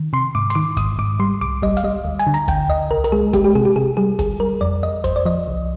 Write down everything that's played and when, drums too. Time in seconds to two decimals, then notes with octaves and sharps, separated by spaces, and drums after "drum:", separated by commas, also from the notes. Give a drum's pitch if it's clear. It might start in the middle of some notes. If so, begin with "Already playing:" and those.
Already playing: D#3
0.13 C3 C6
0.35 G#2 D6
0.50 C6, drum: hi-hat
0.55 D#3 D6
0.77 G#2 D#6, drum: kick, hi-hat
0.99 G#2 D6
1.20 G3 C6
1.41 C2 D6
1.62 G3 D#5, drum: kick
1.77 F5, drum: hi-hat
1.84 G3 D#5
2.05 D2
2.19 G#5, drum: hi-hat
2.27 D3
2.34 A#5, drum: hi-hat
2.48 D2 G5, drum: kick, hi-hat
2.69 D2 D#5
2.91 C2 A#4
3.04 A#4, drum: hi-hat
3.12 G#3 G#4
3.33 G#3 G4, drum: kick, hi-hat
3.44 G4
3.55 C3 G#4
3.65 G4
3.76 C3 G#4
3.97 G3 G#4
4.19 D2 G#4, drum: kick, hi-hat
4.40 G3 A#4
4.61 F2 D5
4.83 F2 D#5
5.04 F2 C5, drum: kick, hi-hat
5.16 D5
5.25 F3 D#5
5.48 C2